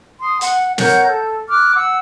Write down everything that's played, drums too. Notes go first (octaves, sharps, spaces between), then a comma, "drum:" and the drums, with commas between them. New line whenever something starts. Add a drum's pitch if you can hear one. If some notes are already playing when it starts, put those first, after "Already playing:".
C6 D#6
F#5, drum: hi-hat
A#4 C#5 F#5 G6, drum: snare
A4
D6 F6 F#6
F#5 E6